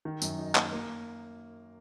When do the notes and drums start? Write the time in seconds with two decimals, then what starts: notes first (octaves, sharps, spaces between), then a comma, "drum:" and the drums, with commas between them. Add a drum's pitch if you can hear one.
0.05 D#3
0.22 F#2, drum: tambourine
0.39 D#4
0.55 A#3, drum: clap
0.72 A#3